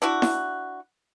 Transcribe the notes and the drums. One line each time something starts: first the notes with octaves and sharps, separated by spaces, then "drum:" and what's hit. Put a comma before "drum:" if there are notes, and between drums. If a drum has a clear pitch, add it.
D4 E4 F#4
drum: snare E4